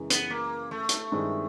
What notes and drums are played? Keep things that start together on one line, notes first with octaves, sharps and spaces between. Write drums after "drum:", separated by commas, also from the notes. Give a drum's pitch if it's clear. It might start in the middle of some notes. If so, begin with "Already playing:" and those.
Already playing: F#2 C#3 E3 G#3
B3, drum: hi-hat
A#3
A3
drum: hi-hat
G2 D#3 G#3 C4 E4